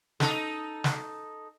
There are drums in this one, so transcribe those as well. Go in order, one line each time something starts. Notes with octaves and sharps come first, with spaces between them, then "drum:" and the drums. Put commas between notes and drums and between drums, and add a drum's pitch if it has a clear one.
D#4 A4, drum: snare
drum: snare